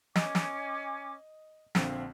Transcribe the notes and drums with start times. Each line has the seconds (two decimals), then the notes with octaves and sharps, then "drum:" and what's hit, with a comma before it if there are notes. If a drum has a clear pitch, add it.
0.16 C#4 D#5 G#5 D6, drum: snare
0.35 drum: snare
1.75 A#1 D3 C4 F5, drum: snare